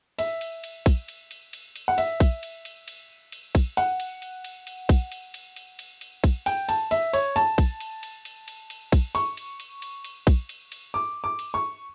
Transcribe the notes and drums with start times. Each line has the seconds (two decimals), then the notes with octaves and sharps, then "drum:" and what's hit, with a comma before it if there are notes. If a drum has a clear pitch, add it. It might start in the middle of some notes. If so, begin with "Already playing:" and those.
0.19 E5, drum: cymbal
0.41 drum: cymbal
0.64 drum: cymbal
0.86 drum: kick A#1, cymbal
1.08 drum: cymbal
1.31 drum: cymbal
1.53 drum: cymbal
1.76 drum: cymbal
1.88 F#5
1.98 E5, drum: cymbal
2.20 drum: kick A#1, cymbal
2.43 drum: cymbal
2.65 drum: cymbal
2.88 drum: cymbal
3.32 drum: cymbal
3.55 drum: kick A#1, cymbal
3.77 F#5, drum: cymbal
4.00 drum: cymbal
4.22 drum: cymbal
4.44 drum: cymbal
4.67 drum: cymbal
4.89 drum: kick A#1, cymbal
5.12 drum: cymbal
5.34 drum: cymbal
5.56 drum: cymbal
5.79 drum: cymbal
6.01 drum: cymbal
6.24 drum: kick A#1, cymbal
6.46 G5, drum: cymbal
6.69 A5, drum: cymbal
6.91 E5, drum: cymbal
7.13 C#5, drum: cymbal
7.36 A5, drum: cymbal
7.58 drum: kick A#1, cymbal
7.80 drum: cymbal
8.03 drum: cymbal
8.25 drum: cymbal
8.48 drum: cymbal
8.70 drum: cymbal
8.92 drum: kick A#1, cymbal
9.15 C#6, drum: cymbal
9.37 drum: cymbal
9.60 drum: cymbal
9.82 drum: cymbal
10.04 drum: cymbal
10.27 drum: kick A#1, cymbal
10.49 drum: cymbal
10.72 drum: cymbal
10.94 D6
11.24 D6
11.39 drum: cymbal
11.54 C#6